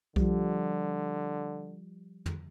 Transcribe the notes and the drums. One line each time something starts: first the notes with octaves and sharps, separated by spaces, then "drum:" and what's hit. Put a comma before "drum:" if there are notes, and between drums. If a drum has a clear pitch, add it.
D3 F3 G3, drum: kick B1
drum: tom